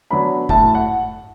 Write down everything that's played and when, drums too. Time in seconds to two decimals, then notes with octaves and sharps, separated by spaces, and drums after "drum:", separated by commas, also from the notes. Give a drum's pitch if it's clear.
0.11 F#3 B3 D4 B5
0.49 A2 A5, drum: kick F#1
0.75 F#5